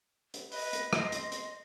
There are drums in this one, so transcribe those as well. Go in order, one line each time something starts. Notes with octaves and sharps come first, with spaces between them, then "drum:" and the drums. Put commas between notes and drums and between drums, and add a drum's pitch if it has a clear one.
drum: hi-hat
B4 D#5, drum: open hi-hat
drum: hi-hat
C6, drum: rim click
drum: hi-hat
drum: hi-hat